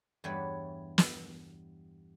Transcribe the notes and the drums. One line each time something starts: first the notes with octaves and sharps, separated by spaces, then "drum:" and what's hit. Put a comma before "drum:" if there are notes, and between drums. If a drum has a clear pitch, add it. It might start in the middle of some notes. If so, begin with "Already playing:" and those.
E2 G2 E3 G3 B4 C#5
drum: snare